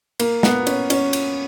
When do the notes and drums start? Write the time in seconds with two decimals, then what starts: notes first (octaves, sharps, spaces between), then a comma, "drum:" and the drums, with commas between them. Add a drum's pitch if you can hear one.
0.20 A#3, drum: cymbal
0.43 B3, drum: snare
0.67 C#4, drum: cymbal
0.90 C#4, drum: cymbal
1.13 drum: cymbal